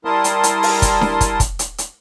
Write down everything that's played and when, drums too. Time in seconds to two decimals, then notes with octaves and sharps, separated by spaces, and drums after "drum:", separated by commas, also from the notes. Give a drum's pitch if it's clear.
0.05 G3 E4 A#4 A5 C6 D#6
0.24 drum: hi-hat
0.44 drum: hi-hat
0.63 drum: open hi-hat
0.82 drum: kick, hi-hat
1.01 drum: snare D4
1.21 drum: kick, hi-hat
1.40 drum: kick, hi-hat
1.59 drum: hi-hat
1.78 drum: hi-hat